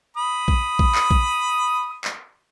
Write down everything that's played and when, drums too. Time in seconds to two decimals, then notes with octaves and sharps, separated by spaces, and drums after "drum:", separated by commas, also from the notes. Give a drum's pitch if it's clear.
0.17 B5 D#6
0.48 drum: kick A#1
0.79 drum: kick A#1
0.95 drum: clap
1.11 drum: kick A#1
2.04 drum: clap